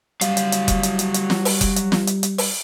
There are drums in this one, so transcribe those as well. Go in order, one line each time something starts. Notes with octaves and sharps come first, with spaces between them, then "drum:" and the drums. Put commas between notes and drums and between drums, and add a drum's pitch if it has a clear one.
F#3 G3 F5, drum: hi-hat
drum: hi-hat
drum: hi-hat
drum: kick F1, hi-hat
drum: hi-hat
drum: hi-hat
drum: hi-hat
drum: snare
drum: open hi-hat
drum: kick F1, hi-hat
drum: hi-hat
drum: snare
drum: hi-hat
drum: hi-hat
drum: open hi-hat